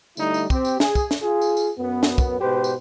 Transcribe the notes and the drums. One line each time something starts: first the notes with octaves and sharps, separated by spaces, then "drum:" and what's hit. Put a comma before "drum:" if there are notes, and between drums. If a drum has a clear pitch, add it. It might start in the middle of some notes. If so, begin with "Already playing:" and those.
D3 G3 A3 D#4 E4, drum: tambourine
drum: tambourine
C4 G4, drum: kick, tambourine
drum: tambourine
G#4, drum: snare
drum: kick, tambourine
drum: snare
F4 G#4
drum: tambourine
drum: tambourine
F#2 B3
drum: snare
drum: kick, tambourine
G#2 B2 G4 B4 C5
drum: tambourine